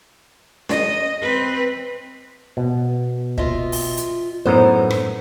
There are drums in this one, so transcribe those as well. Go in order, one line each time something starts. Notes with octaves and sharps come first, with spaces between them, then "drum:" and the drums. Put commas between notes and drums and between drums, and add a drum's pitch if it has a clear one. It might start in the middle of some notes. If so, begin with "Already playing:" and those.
D#5, drum: snare C#4
C4 B4
B2
F4 D#5 E5, drum: kick
drum: open hi-hat
drum: hi-hat
F#2 A2 B3 D#4 C5
drum: rim click